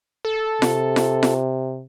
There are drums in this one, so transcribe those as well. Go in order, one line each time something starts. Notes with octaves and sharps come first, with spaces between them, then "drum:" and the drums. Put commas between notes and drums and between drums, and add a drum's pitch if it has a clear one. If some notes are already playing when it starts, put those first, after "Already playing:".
A4
C3, drum: snare F4
drum: snare F4
drum: snare F4